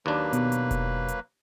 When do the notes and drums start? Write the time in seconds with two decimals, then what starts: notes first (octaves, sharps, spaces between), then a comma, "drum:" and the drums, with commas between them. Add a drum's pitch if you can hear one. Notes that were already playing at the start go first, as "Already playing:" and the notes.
0.06 D#2 F#3 A#3 D4 B4
0.33 B2, drum: hi-hat
0.52 drum: hi-hat
0.71 drum: kick E1, hi-hat
1.08 drum: hi-hat